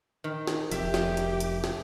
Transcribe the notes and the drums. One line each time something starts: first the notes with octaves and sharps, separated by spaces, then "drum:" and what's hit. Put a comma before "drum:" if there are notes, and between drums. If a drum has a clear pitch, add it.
D#3
drum: snare
F1 F2 G4 E5, drum: hi-hat
drum: snare
drum: hi-hat
drum: hi-hat
drum: snare